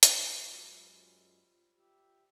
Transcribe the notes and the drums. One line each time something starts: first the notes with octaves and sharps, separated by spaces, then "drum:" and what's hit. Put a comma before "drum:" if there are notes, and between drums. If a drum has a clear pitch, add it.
drum: hi-hat
F#2 G#3 F4 B4 B5
G3 F4 C5 E5 D#6
G4 E5